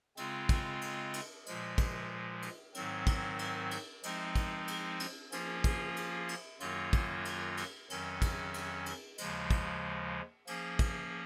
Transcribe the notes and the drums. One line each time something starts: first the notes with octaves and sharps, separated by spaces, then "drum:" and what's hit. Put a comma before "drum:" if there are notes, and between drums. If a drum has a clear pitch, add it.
C#3 G#3 C4 F4, drum: cymbal
drum: kick, cymbal
drum: cymbal
drum: cymbal
A#2 F3 G#3, drum: cymbal
drum: kick, cymbal
drum: cymbal
G#2 D#3 F#3 C4, drum: cymbal
drum: kick, cymbal
drum: cymbal
drum: cymbal
F3 G#3 C4 D#4, drum: cymbal
drum: kick, cymbal
drum: cymbal
drum: cymbal
F3 A#3 C#4 F4 G#4, drum: cymbal
drum: kick, cymbal
drum: cymbal
drum: cymbal
F#2 D#3 F#3 A#3 F4, drum: cymbal
drum: kick, cymbal
drum: cymbal
drum: cymbal
F2 D#3 F#3 C#4, drum: cymbal
drum: kick, cymbal
drum: cymbal
drum: cymbal
D#2 C#3 F3 G#3, drum: cymbal
drum: kick, cymbal
F3 A#3 C#4 G#4, drum: cymbal
drum: kick, cymbal